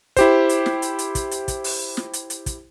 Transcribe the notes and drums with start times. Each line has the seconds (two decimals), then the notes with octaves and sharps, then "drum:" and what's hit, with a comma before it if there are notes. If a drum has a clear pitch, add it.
0.17 E4 G4 C5, drum: kick, hi-hat
0.49 drum: hi-hat
0.66 drum: snare
0.82 drum: hi-hat
0.99 drum: hi-hat
1.15 drum: kick, hi-hat
1.31 drum: hi-hat
1.48 drum: kick, hi-hat
1.64 drum: open hi-hat
1.97 drum: snare
2.13 drum: hi-hat
2.30 drum: hi-hat
2.46 drum: kick, hi-hat